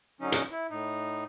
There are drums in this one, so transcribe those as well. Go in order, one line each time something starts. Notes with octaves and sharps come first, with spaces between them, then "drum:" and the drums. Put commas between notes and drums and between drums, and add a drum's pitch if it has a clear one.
D3 F#3 C#4 D#4
drum: hi-hat
E4
A2 D#4